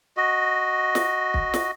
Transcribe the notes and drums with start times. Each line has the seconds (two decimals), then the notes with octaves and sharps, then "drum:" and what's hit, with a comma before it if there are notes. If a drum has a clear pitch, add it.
0.17 F#4 D#5
0.95 drum: snare
1.34 drum: kick
1.54 drum: snare